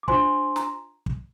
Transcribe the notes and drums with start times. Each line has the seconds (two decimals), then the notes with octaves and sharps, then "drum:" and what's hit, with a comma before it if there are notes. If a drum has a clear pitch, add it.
0.03 D6
0.08 D4 F4 C5 G#5 C6, drum: kick
0.56 A#5, drum: snare
1.06 drum: kick